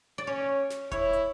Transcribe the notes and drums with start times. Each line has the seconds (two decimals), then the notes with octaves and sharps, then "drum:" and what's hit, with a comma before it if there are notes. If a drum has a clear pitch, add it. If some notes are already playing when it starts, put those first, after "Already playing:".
0.18 D5
0.27 C#4 C#5
0.70 drum: snare
0.91 E4 C#5, drum: kick E1, hi-hat
1.13 drum: hi-hat